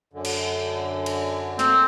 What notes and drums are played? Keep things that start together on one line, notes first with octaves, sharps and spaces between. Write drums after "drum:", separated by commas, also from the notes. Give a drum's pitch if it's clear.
F#2 D3
drum: cymbal
drum: cymbal
C4, drum: snare